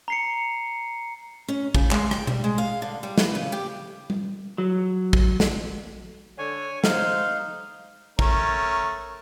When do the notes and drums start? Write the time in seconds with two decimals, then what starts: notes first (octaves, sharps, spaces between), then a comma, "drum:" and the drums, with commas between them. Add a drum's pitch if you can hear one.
0.08 A#5 C7 C#7
1.48 C#4
1.75 C#3, drum: kick
1.91 G#3, drum: clap
2.11 G5, drum: rim click
2.27 G3, drum: tom B2
2.44 G#3
2.58 F5
2.82 D3
3.03 G3
3.18 B4, drum: snare
3.35 C#3
3.52 G4
4.10 drum: tom G3
4.58 F#3
5.13 drum: kick
5.40 drum: snare
6.38 D3 C#5 G#5
6.84 D#4 C5 F5, drum: snare
8.19 A3 C#4 A#4, drum: kick